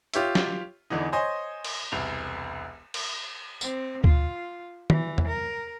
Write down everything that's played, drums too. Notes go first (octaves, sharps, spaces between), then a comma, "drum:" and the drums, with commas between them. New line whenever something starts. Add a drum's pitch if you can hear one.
F4 G4 C#5 E5, drum: hi-hat
drum: snare
E2 D3 E3 D#4
C5 C#5 D#5 G#5 C6
drum: cymbal
E1 C2 F7
drum: cymbal
C4, drum: tambourine
F4, drum: kick D2
E3, drum: tom
drum: tom
A#4